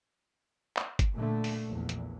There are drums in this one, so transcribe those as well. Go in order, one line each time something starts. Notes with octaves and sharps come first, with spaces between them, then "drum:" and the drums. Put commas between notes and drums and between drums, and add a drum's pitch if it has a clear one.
drum: clap
drum: kick, hi-hat
A#2 D3 A3
drum: open hi-hat
A#1 E2
drum: hi-hat